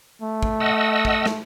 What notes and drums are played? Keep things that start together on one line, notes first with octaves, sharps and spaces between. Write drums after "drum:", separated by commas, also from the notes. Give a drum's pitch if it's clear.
A3
drum: kick
D#5 F#5 E6
drum: kick
drum: snare